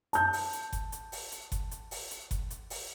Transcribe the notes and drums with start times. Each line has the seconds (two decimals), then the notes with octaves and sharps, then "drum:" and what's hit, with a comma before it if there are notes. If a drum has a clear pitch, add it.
0.13 A5 G6, drum: hi-hat
0.33 drum: open hi-hat
0.53 drum: hi-hat
0.72 drum: kick F#1, hi-hat
0.92 drum: hi-hat
1.12 drum: open hi-hat
1.32 drum: hi-hat
1.52 drum: kick F#1, hi-hat
1.71 drum: hi-hat
1.91 drum: open hi-hat
2.11 drum: hi-hat
2.31 drum: kick F#1, hi-hat
2.50 drum: hi-hat
2.70 drum: open hi-hat